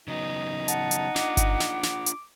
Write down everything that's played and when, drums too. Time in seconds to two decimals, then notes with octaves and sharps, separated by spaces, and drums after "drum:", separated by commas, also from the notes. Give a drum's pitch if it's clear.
0.08 C#3 F#3 B3 D#4
0.68 F#5 A5, drum: hi-hat
0.91 drum: hi-hat
1.16 D4 F4 D6, drum: snare
1.37 drum: kick G1, hi-hat
1.60 drum: snare
1.83 drum: snare
2.06 drum: hi-hat